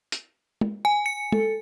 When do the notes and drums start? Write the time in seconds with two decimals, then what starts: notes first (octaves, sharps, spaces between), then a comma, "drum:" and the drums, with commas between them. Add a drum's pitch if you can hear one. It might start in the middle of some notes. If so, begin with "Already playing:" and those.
0.12 drum: hi-hat
0.61 drum: tom
0.85 G#5
1.06 C#7
1.32 A4, drum: tom